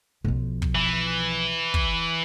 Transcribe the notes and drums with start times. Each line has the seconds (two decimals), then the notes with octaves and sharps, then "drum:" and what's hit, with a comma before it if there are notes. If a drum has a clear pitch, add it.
0.25 B1 F3
0.62 drum: kick
0.75 E3
1.74 drum: kick